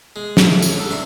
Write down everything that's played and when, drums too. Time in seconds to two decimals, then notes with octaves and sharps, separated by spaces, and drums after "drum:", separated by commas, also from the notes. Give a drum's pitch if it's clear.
0.16 G#3
0.37 A1 F2 G#2 D#5, drum: snare
0.62 C#5, drum: tambourine
0.75 G#2 A4
0.90 G2 C3 D4 A5 C6